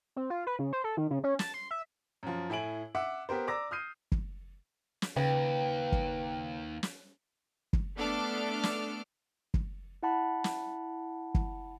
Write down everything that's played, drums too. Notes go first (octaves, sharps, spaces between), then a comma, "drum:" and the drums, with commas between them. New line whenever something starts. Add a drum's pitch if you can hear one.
C4
F4
B4
C#3
C5
A4
D#3
C#3
C#4
A5, drum: snare
C6
E5
F#2 F3
A2 E4 G#5 D7 F#7
E5 F#5 D6
B3 G4 A#4 C5
D5 A#5 D6 E6 A#6
D#6 F6 G6 C7 D#7
drum: kick
drum: snare
D#2 C#3 B4 G5
drum: kick
drum: snare
drum: kick
A3 B3 D4 A4 D6 F6
drum: snare
drum: kick
E4 F#5 A5 B5
drum: snare
drum: kick